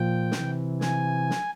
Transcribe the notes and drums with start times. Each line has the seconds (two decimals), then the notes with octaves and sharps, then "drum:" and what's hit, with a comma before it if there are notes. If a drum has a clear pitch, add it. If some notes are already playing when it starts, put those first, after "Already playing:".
Already playing: A#2 F3 G5
0.32 C3 E3, drum: snare
0.81 G#5, drum: snare
1.31 drum: snare